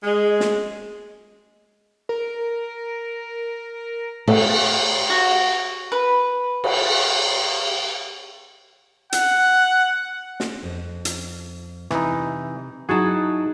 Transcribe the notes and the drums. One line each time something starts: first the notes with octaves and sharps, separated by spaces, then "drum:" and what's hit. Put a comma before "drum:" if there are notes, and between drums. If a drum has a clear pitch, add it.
G#3
drum: snare
A#4
A3 A4, drum: cymbal
F#4
B4
drum: cymbal
F#5, drum: hi-hat
drum: snare
F2 D#5
drum: hi-hat
C3 E3 D#4, drum: rim click
F#3 D#4 E4 F#4 G#4 G#5 A5